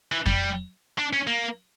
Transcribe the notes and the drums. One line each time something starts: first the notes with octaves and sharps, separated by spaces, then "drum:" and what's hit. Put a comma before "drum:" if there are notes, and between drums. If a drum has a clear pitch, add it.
E3
G3, drum: kick F2
D4
C#4
A#3